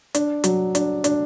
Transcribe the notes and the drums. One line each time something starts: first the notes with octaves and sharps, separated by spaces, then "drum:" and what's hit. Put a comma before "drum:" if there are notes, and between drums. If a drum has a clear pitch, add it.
D4, drum: hi-hat
F#3, drum: hi-hat
D4, drum: hi-hat
D4, drum: hi-hat